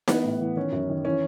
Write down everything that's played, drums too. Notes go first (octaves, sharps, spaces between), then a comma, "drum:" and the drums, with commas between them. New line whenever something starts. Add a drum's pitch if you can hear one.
E3 B3, drum: snare D#4
A2
E3
D#3 C#4
F#2
D#3
E3 C#4